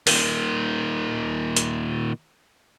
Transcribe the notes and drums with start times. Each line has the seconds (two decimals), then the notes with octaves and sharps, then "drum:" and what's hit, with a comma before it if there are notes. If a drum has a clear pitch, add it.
0.07 A#2 D#3, drum: open hi-hat
1.57 drum: hi-hat